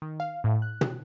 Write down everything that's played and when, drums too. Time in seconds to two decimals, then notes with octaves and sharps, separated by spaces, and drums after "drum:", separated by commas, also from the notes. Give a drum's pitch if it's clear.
0.02 D#3
0.20 F5
0.44 A2
0.62 F#6
0.81 drum: tom